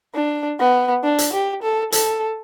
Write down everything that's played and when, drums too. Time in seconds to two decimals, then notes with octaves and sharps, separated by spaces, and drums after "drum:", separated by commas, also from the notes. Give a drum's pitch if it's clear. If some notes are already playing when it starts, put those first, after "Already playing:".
0.15 D4
0.59 B3
1.03 D4
1.18 drum: hi-hat
1.33 G4
1.62 A4
1.92 A4, drum: hi-hat